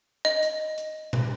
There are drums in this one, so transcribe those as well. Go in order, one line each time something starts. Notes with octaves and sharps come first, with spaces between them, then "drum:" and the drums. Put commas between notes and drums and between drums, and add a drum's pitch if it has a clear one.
D#5
drum: hi-hat
drum: hi-hat
drum: tom A#2